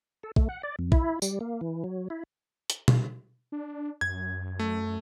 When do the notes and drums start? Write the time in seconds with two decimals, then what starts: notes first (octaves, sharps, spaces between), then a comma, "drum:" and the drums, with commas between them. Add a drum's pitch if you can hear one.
0.23 A4
0.36 A3, drum: kick
0.49 F#5
0.63 D5
0.79 F2
0.92 E4, drum: kick
1.22 G3, drum: tambourine
1.41 A#3
1.61 E3
1.84 F#3
2.10 E4
2.70 drum: hi-hat
2.88 drum: tom B2
3.52 D4
4.01 F#2 G#6
4.59 A3